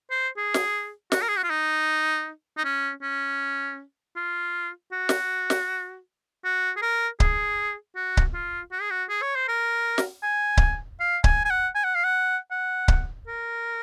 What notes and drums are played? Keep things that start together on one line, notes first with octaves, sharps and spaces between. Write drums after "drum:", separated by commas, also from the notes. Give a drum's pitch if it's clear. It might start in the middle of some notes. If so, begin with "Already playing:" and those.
C5
G#4
drum: snare
F#4, drum: snare
A#4
G#4
F#4
F4
D#4
D#4
C#4
C#4
F4
F#4
drum: snare
drum: snare
F#4
G#4
A#4
G#4, drum: kick C#1
F#4
drum: kick C#1
F4
F#4
G#4
F#4
G#4
C#5
C5
A#4
drum: snare
G#5
drum: kick C#1
F5
G#5, drum: kick C#1
G#5
F#5
G#5
F#5
F5
F#5
F#5
drum: kick C#1
A#4